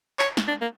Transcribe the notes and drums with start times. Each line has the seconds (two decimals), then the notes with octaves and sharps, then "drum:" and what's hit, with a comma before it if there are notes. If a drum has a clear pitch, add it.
0.19 C#5, drum: clap
0.37 drum: snare
0.48 D4
0.62 A#3